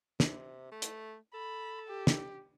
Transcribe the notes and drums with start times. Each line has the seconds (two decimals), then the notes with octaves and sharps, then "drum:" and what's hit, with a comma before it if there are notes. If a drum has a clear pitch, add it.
0.20 C3, drum: snare
0.72 A3
0.82 drum: hi-hat
1.34 A4 B5
1.88 G4
2.07 drum: snare